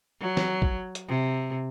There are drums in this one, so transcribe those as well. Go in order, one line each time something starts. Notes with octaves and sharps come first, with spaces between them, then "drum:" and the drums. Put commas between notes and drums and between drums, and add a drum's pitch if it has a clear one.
F#3
drum: snare
drum: kick
drum: hi-hat
C3